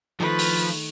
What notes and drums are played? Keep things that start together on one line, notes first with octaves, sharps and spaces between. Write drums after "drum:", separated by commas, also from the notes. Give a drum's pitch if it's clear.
D#3 F3 A3 B4
drum: open hi-hat